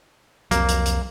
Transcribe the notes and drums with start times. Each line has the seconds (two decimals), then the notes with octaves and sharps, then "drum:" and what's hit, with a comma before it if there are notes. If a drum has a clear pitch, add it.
0.51 C2 F2 F#3 A#3, drum: hi-hat
0.68 drum: hi-hat
0.86 drum: hi-hat